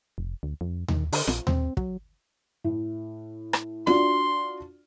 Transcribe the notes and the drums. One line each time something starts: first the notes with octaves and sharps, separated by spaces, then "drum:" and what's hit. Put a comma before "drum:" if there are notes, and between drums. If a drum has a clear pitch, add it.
F1
D2
F2
D#3, drum: tom D#2
D3, drum: open hi-hat
A#1, drum: snare
C4, drum: tom D#2
F#3, drum: kick
A2
drum: rim click
D4 F4 F#4 C6, drum: snare